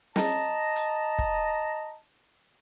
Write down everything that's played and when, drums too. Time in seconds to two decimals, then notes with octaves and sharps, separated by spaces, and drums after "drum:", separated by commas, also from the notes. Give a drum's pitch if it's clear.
0.16 D#5 A5 A#5, drum: snare
0.76 drum: hi-hat
1.19 drum: kick